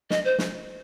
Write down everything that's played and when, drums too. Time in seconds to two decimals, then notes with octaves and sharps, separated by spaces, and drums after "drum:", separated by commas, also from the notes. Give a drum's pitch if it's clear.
0.10 D#5, drum: snare
0.25 C5
0.38 drum: snare